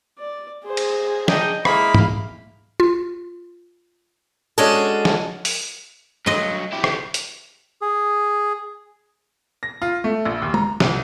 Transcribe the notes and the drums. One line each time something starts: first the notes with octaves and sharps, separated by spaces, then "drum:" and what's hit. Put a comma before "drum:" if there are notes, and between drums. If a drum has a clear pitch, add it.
D5
G#4 C5
drum: cymbal
D4 D#4 D#5 G5, drum: snare
G#3 A#3 E4 G#4 F5 B5, drum: rim click
drum: tom
F4
G#3 C#4 D4 F#4 G#4 A4
drum: snare
drum: open hi-hat
G2 F#3 D#5 C6
E4 G4
drum: rim click
drum: hi-hat
G#4
A#6
F4
A3
A#1
D#2
A#5, drum: tom
C2, drum: snare